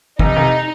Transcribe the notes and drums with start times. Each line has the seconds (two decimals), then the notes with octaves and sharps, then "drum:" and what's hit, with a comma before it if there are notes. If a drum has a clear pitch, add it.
0.19 F1 D#4, drum: kick
0.36 F1